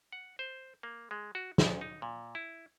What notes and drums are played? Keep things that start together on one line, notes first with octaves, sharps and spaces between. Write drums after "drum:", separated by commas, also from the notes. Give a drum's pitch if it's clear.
F#5
C5
A#3
G#3
F#4
D2, drum: snare
D#4
A#2
E4